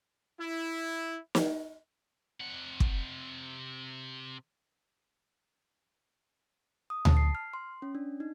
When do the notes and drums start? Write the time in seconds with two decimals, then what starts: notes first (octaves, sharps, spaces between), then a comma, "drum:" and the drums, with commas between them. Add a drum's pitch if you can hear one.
0.40 E4
1.35 drum: snare
2.40 C3 F#5
2.80 drum: kick
6.90 D#6
7.05 A5, drum: tom D2
7.17 C7
7.35 F6
7.54 C6
7.82 C#4
7.95 D4
8.20 D#4